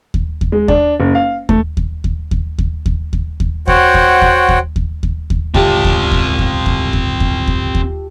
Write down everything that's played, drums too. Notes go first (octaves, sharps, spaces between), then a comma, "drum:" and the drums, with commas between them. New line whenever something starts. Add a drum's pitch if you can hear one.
drum: kick D#2
drum: kick D#2
G#3
D4, drum: kick D#2
F#1
F5
A3, drum: kick D#2
drum: kick D#2
drum: kick D#2
drum: kick D#2
drum: kick D#2
drum: kick D#2
drum: kick D#2
drum: kick D#2
F#4 C5 C#5 F#5 G5, drum: kick D#2
drum: kick D#2
drum: kick D#2
drum: kick D#2
drum: kick D#2
drum: kick D#2
drum: kick D#2
D1 G1 C#2 C4 F4 G4 A4 D5, drum: kick D#2
drum: kick D#2
drum: kick D#2
drum: kick D#2
drum: kick D#2
drum: kick D#2
drum: kick D#2
drum: kick D#2
drum: kick D#2